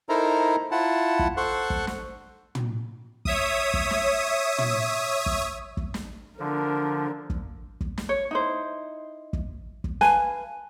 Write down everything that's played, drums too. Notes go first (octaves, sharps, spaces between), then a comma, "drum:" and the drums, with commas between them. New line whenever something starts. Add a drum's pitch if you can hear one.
D#4 E4 A4 A#4 C5 A#5
E4 F4 F#5 A5
drum: kick
A4 C5 F#5 C6 C#6 F#6
drum: kick
drum: snare
drum: tom
C#5 E5 D#6, drum: kick
drum: kick
drum: snare
drum: tom
drum: kick
drum: kick
drum: snare
D3 F3 D4 A#4
drum: kick
drum: kick
drum: snare
C#5
D#4 E4 C5
drum: kick
drum: kick
B4 F5 G#5 A5, drum: snare